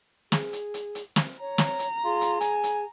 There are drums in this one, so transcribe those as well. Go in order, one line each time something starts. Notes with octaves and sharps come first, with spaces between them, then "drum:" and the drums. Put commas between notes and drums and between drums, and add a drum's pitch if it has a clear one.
G#4, drum: snare
drum: hi-hat
drum: hi-hat
drum: hi-hat
drum: snare
C#5 A#5
drum: snare
drum: hi-hat
F4 G#4
drum: hi-hat
G#5, drum: hi-hat
drum: hi-hat